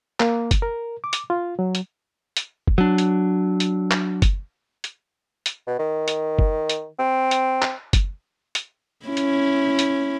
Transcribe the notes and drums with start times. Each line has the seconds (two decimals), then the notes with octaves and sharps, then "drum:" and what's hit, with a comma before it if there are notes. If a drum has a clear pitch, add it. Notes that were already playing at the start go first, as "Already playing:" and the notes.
0.20 A#3, drum: clap
0.51 drum: kick F#1, hi-hat
0.62 A#4
1.04 D6
1.13 drum: hi-hat
1.30 F4
1.59 F#3
1.75 drum: hi-hat
2.37 drum: hi-hat
2.67 drum: kick F#1
2.78 F#3 D4
2.98 drum: hi-hat
3.60 drum: hi-hat
3.91 drum: clap
4.22 drum: kick F#1, hi-hat
4.84 drum: hi-hat
5.46 drum: hi-hat
5.67 B2
5.79 D#3
6.08 drum: hi-hat
6.39 drum: kick F#1
6.69 drum: hi-hat
6.99 C4
7.31 drum: hi-hat
7.62 drum: clap
7.93 drum: kick F#1, hi-hat
8.55 drum: hi-hat
9.06 C#4 E4
9.17 drum: hi-hat
9.79 drum: hi-hat